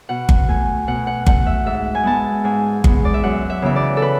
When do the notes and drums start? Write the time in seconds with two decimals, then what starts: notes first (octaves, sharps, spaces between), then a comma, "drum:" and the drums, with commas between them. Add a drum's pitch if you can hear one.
0.09 B2 F#5
0.29 drum: kick G1
0.48 A3 G#5
0.87 B2 F#5
1.07 F#5
1.27 A3 F#5, drum: kick G1
1.46 E5
1.66 G#2 E5
1.95 G#5
2.03 G#3 B3 A5
2.44 G#2 G#5
2.84 G#3 B3, drum: kick G1
3.05 D5
3.14 E5
3.23 F#2 F#5
3.50 E5
3.62 C#3 E3 B3 E5
3.76 D5
3.97 A4
4.02 B4